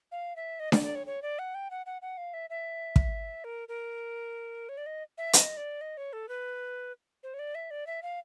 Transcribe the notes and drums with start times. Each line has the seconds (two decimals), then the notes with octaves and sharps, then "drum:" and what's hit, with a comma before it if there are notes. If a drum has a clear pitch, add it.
0.12 F5
0.36 E5
0.60 D#5
0.72 D5, drum: snare D4
0.83 D5
0.95 C#5
1.06 C#5
1.22 D5
1.39 F#5
1.55 G5
1.71 F#5
1.86 F#5
2.02 F#5
2.17 F5
2.33 E5
2.50 E5
2.96 drum: kick
3.44 A#4
3.68 A#4
4.69 C#5
4.77 D5
4.86 D#5
5.18 E5
5.33 D#5, drum: hi-hat
5.57 D5
5.81 D#5
5.97 C#5
6.13 A4
6.29 B4
7.23 C5
7.34 C#5
7.39 D5
7.55 E5
7.71 D5
7.87 E5
8.02 F5